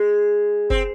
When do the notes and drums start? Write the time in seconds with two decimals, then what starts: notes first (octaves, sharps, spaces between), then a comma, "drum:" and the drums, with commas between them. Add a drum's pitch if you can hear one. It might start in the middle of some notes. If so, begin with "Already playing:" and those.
Already playing: G#3
0.70 C4, drum: kick F#1